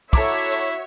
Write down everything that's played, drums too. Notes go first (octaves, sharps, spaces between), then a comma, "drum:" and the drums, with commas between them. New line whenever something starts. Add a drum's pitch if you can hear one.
E4 F#4 A4 C#5 E5 A#5 D6, drum: kick, hi-hat
drum: hi-hat